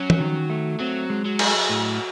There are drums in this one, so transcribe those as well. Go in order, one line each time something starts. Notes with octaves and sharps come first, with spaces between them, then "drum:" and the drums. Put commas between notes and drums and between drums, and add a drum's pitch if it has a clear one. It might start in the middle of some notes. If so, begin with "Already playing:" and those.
Already playing: F#3 C#4
drum: tom
D#3
A3
F#3 C4
G#3
F#3
G#4, drum: cymbal
A2